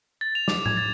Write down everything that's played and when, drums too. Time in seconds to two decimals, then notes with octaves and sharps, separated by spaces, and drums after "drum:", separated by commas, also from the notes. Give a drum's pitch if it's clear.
0.21 A6
0.35 F7
0.48 D6, drum: snare
0.66 G#6, drum: tom A2
0.77 A6